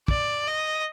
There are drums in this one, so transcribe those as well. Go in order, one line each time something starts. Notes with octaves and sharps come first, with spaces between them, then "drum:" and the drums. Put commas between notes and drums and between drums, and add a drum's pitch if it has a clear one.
D5, drum: kick
D#5